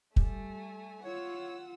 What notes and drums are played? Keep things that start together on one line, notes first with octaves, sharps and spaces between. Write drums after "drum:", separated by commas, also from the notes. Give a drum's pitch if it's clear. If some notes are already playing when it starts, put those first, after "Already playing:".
G3 A3 G#5, drum: kick
F4 C#5 F#5 E6